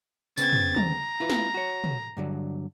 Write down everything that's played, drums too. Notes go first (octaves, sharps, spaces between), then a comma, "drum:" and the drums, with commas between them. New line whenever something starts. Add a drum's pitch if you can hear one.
C#3 B3 C4 G#6 A6, drum: tambourine
drum: tom
A#5, drum: tom
E4 F4 B4
drum: snare
F#4 C#5
drum: tom
G2 D3 F#3